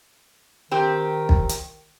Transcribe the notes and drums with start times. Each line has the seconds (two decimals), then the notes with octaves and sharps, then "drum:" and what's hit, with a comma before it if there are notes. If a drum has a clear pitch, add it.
0.71 D#3 C4 G4
1.29 drum: kick
1.49 drum: hi-hat